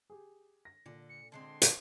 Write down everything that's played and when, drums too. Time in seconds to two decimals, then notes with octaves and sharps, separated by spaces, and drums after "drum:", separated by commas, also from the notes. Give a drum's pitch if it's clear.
0.10 G4 G#4
0.65 A#6
0.86 A#2 D3
1.09 C#7
1.32 D3 G#3 C4 C6
1.62 drum: hi-hat